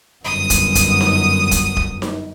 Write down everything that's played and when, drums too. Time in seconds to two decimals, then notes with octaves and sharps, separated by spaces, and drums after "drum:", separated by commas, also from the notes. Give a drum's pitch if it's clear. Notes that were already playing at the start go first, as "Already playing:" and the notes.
0.25 G1 F#2 D#6
0.50 drum: kick D#1, hi-hat
0.75 drum: kick D#1, hi-hat
1.01 drum: snare D#4
1.51 drum: kick D#1, hi-hat
1.77 drum: kick D#1
2.02 drum: snare D#4